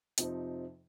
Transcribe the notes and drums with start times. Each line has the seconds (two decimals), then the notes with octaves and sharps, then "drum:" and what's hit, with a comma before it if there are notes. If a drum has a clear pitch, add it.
0.18 F2 C3 F3 C4 D#4, drum: hi-hat